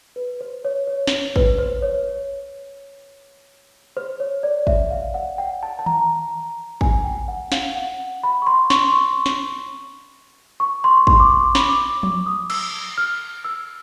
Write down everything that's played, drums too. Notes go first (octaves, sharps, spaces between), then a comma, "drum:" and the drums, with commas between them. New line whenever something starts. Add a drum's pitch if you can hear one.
B4
C5
C#5
C#5
drum: snare
B4, drum: kick
C5
C#5
C5
C#5
D5
E5, drum: kick
F5
F#5
G5
A5
A5
A#5, drum: tom D#3
G#5, drum: kick
G5
F#5
F5, drum: snare
F#5
B5
C#6
C6
C#6, drum: snare
C6
C#6
drum: snare
C#6
C6
C#6
C6, drum: kick
D6
C#6
B5, drum: snare
D6
C#6
D6, drum: tom F3
D#6
E6, drum: cymbal
F6
E6